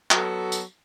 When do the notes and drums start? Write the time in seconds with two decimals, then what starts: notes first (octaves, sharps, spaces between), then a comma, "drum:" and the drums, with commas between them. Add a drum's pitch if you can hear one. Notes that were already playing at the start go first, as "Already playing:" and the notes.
0.11 F#3 B3 F#4 A4, drum: clap
0.52 drum: tambourine